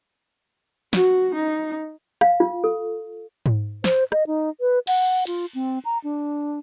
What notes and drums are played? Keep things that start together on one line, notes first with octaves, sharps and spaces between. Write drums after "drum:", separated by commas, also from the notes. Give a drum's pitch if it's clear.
F#4, drum: snare
D#4
F5, drum: rim click
F4
A4
drum: tom G#2
C5, drum: snare
D#5, drum: rim click
D#4
B4
F#5, drum: cymbal
F4, drum: hi-hat
C4
A#5
D4